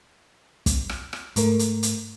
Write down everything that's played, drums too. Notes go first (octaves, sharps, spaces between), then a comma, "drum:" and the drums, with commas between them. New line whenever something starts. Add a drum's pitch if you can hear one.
drum: kick, hi-hat
drum: rim click
drum: rim click
G#2 A3 A#4, drum: hi-hat
drum: hi-hat
drum: hi-hat